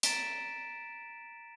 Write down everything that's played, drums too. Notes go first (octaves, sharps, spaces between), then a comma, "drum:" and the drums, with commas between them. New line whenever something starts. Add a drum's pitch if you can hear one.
A#5 A6 B6 D7 E7, drum: hi-hat